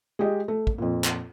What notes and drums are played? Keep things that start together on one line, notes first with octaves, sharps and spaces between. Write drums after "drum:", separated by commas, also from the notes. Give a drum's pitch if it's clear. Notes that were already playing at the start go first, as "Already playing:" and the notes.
G#3 G4 D#5
A3
drum: kick
F2 A#2
drum: clap